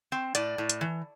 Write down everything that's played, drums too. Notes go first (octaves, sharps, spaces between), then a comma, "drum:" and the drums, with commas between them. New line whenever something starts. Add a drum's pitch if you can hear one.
C4
A2 D5, drum: hi-hat
A2
drum: hi-hat
E3